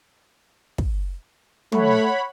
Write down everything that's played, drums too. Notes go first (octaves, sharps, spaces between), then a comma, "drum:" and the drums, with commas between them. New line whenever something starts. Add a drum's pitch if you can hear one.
drum: kick
A3 C#5 F#5 B5, drum: tom